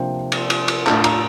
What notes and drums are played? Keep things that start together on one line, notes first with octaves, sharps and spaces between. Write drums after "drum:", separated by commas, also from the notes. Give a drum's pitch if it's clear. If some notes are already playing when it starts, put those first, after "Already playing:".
Already playing: C3 F3 A#3 D4 F4 G5
drum: cymbal
drum: cymbal
drum: cymbal
A2 A3 D4 F4 A5, drum: clap
A#5, drum: cymbal